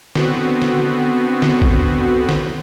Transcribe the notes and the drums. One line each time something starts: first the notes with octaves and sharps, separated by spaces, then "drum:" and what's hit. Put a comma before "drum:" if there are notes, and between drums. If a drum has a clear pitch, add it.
D3 B3 C4 F#4, drum: snare
drum: snare
drum: snare
drum: kick
drum: snare